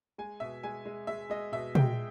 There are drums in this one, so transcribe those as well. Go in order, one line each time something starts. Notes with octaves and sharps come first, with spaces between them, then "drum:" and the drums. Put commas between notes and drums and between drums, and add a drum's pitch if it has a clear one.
G#3 G#5
B2 E5
G#3 G#5
G#3
G#3 E5
G#3 D#5
B2 E5
G#3 G5, drum: tom